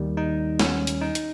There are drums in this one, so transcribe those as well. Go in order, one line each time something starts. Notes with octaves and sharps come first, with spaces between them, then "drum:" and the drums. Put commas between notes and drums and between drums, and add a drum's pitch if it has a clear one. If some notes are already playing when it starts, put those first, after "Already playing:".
Already playing: D#2 D#3 G3
D#4
C#4, drum: snare
drum: hi-hat
D#4
drum: hi-hat